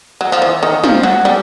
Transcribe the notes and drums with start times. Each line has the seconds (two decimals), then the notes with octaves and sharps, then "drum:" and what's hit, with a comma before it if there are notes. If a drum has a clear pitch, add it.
0.21 F#3
0.32 F3
0.42 E3
0.63 D#3
0.84 F3, drum: tom
1.03 F#3
1.25 G3